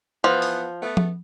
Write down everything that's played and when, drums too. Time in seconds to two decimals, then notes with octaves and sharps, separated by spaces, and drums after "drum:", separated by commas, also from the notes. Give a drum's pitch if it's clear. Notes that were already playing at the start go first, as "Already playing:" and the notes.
0.24 E3 F3 B3
0.42 drum: open hi-hat
0.81 A3 B3
0.97 drum: tom F3